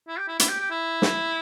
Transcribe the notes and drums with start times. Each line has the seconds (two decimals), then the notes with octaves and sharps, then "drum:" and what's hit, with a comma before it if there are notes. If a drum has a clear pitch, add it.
0.08 E4
0.18 G4
0.28 E4
0.39 E4, drum: hi-hat
0.49 G4
0.60 G4
0.71 E4
1.02 drum: snare